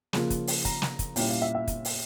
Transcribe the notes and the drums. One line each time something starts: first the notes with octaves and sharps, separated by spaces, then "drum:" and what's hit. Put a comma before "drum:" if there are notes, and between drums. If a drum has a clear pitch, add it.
C#3 F3 A#3 F4, drum: snare
drum: kick, hi-hat
drum: open hi-hat
A#5, drum: kick, hi-hat
drum: snare
drum: kick, hi-hat
A#2 G3 C#4 E4 G5, drum: open hi-hat
F5
E5
E5
drum: kick, hi-hat
drum: open hi-hat